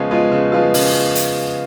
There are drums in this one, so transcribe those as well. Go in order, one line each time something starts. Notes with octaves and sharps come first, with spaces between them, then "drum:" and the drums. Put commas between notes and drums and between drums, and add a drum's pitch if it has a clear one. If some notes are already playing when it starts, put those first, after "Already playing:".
Already playing: C#3 F3 G#3 B3 F4
F3 G#3 B3 F4
C#3
F3 G#3 B3 F4
C#3, drum: open hi-hat
drum: hi-hat